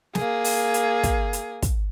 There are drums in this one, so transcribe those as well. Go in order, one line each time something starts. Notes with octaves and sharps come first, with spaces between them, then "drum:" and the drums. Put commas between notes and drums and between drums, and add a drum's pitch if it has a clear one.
A#3 G#4, drum: snare
drum: open hi-hat
drum: hi-hat
drum: kick, hi-hat
drum: hi-hat
drum: kick, hi-hat